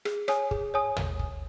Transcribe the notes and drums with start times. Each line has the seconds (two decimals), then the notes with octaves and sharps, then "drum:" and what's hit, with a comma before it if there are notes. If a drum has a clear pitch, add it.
0.05 G#4, drum: rim click
0.28 C#5 G#5 D#6, drum: rim click
0.51 G#4, drum: kick
0.74 C#5 G#5 D#6
0.96 drum: tom
1.19 drum: kick